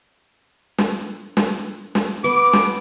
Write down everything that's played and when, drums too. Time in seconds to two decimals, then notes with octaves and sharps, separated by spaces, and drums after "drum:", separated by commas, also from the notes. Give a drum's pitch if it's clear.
0.78 drum: snare
1.37 drum: snare
1.95 drum: snare
2.24 B3 D6
2.53 drum: snare